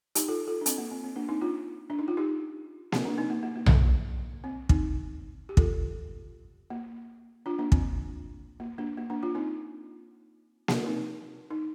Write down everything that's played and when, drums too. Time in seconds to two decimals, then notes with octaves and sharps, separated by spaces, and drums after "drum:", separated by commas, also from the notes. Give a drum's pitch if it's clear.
0.15 D#4 G4, drum: hi-hat
0.28 F4 A4
0.47 F4 A4
0.61 D4
0.66 C4, drum: hi-hat
0.78 A#3
0.91 C4
1.04 C4
1.16 A#3 D4
1.29 C4 D#4
1.41 D4 F4
1.90 D4
1.99 D#4
2.08 F4
2.17 D#4 G4
2.92 C4, drum: snare A#3
3.05 A#3 D4
3.18 C4 D#4
3.30 A#3
3.43 A#3
3.56 A#3
3.66 drum: tom B1
4.44 C4
4.69 C4 D#4, drum: kick
5.49 G4
5.57 F4 A4, drum: kick
6.70 A#3
7.46 D4 F4
7.59 A#3 D4
7.72 C4, drum: kick
8.60 A#3
8.78 A#3 D4
8.97 A#3
9.10 A#3 D4
9.23 D4 F4
9.35 C4 D#4
10.68 drum: snare A#3
10.86 C4 D#4
11.51 D#4